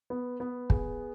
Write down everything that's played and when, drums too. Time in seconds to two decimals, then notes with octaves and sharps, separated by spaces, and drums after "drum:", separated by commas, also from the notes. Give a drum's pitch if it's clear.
0.10 B3
0.40 B3
0.70 G#4, drum: kick